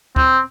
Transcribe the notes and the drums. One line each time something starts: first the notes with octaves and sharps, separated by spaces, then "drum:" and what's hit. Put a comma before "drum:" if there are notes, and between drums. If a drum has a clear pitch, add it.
C4, drum: kick